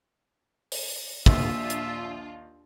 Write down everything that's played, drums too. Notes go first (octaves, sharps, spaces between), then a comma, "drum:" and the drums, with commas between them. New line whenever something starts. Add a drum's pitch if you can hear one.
drum: open hi-hat
A#1 D#2 D4 F4 E5, drum: kick
drum: hi-hat